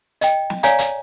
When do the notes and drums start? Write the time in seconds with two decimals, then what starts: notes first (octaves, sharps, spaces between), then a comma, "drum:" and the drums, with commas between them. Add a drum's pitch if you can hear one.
0.21 D#5 G5, drum: hi-hat
0.50 drum: snare
0.63 C#5 D5 F5 G#5 A#5, drum: hi-hat
0.79 drum: hi-hat